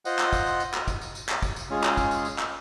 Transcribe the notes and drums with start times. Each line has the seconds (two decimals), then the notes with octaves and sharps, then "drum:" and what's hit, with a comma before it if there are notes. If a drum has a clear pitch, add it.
0.05 F4 C5 D#5 F#5, drum: tambourine
0.19 drum: clap
0.33 drum: kick, tambourine
0.46 drum: tambourine
0.60 drum: tambourine
0.74 drum: clap
0.88 drum: kick, tambourine
1.01 drum: tambourine
1.15 drum: tambourine
1.29 drum: clap
1.42 drum: kick, tambourine
1.56 drum: tambourine
1.70 G#3 C#4 F4 G#4
1.84 drum: clap
1.97 drum: kick, tambourine
2.11 drum: tambourine
2.25 drum: tambourine
2.39 drum: clap